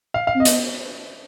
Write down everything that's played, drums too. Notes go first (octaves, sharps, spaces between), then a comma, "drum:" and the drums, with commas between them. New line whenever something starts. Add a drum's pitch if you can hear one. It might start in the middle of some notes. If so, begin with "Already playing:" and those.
F5
F5
C4
D#5
B3, drum: hi-hat